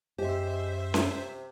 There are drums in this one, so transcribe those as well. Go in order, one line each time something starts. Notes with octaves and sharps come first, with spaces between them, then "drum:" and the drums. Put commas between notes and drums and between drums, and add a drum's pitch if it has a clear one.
F#2 G#3 G4 C5 E5
C3, drum: snare C#4